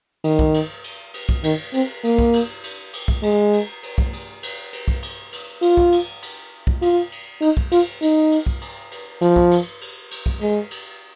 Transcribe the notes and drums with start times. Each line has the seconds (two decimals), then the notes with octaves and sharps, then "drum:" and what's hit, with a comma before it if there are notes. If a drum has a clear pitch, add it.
0.24 D#3, drum: cymbal
0.39 drum: kick
0.54 drum: cymbal
0.84 drum: cymbal
1.14 drum: cymbal
1.29 drum: kick
1.44 D#3, drum: cymbal
1.74 C4, drum: cymbal
2.04 A#3, drum: cymbal
2.18 drum: kick
2.33 drum: cymbal
2.63 drum: cymbal
2.93 drum: cymbal
3.08 drum: kick
3.23 G#3, drum: cymbal
3.53 drum: cymbal
3.83 drum: cymbal
3.98 drum: kick
4.13 drum: cymbal
4.43 drum: cymbal
4.73 drum: cymbal
4.88 drum: kick
5.03 drum: cymbal
5.32 drum: cymbal
5.62 F4, drum: cymbal
5.77 drum: kick
5.92 drum: cymbal
6.22 drum: cymbal
6.67 drum: kick
6.82 F4, drum: cymbal
7.12 drum: cymbal
7.42 D#4, drum: cymbal
7.57 drum: kick
7.72 F4, drum: cymbal
8.02 D#4, drum: cymbal
8.32 drum: cymbal
8.46 drum: kick
8.61 drum: cymbal
8.91 drum: cymbal
9.21 F3, drum: cymbal
9.36 drum: kick
9.51 drum: cymbal
9.81 drum: cymbal
10.11 drum: cymbal
10.26 drum: kick
10.41 G#3, drum: cymbal
10.71 drum: cymbal